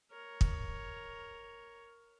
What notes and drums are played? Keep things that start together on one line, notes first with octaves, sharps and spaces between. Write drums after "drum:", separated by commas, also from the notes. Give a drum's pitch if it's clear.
A#4 C#5
drum: kick